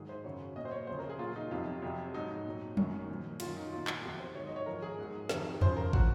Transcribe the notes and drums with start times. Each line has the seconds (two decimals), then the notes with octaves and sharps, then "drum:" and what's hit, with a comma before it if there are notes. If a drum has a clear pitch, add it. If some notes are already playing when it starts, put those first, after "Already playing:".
Already playing: G#2 D#3 F#3 G#4
0.09 C5
0.24 F#2 C#3 F#3 C#5
0.56 A#2 F#3 D#5
0.65 C5
0.71 C#5
0.87 F2 C#3 F3 C5
0.99 A#4
1.09 G#4
1.19 A#2 F#3 F4
1.36 D#4
1.51 F2 C3 F#3 F4
1.82 F2 C3 F#3
2.14 G#2 F#3 D#4
2.45 A#2 F#3
2.77 F#2 D#3 F#3, drum: tom
3.08 A#2 F3
3.40 F#2 D#3 F#3 F4, drum: cymbal
3.57 D#4
3.72 A#2 F#3 F4
3.87 F#4, drum: clap
4.03 F2 C3 D#3 F#3 F#4
4.20 C5
4.35 G#2 D#3 F#3 C#5
4.46 D#5
4.56 C#5
4.66 G#2 F3 A#4
4.82 G#4
4.99 G#2 F#3
5.29 F2 C3 D#3 F#3, drum: snare
5.61 F#2 C#3 F3 C5, drum: tom E2
5.77 A#4
5.93 F3 F#4, drum: kick